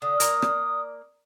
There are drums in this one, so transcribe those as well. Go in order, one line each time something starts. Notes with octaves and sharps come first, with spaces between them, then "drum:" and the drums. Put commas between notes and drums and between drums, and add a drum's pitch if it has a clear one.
D3 D#6
A#3 D5 A#5, drum: hi-hat
drum: rim click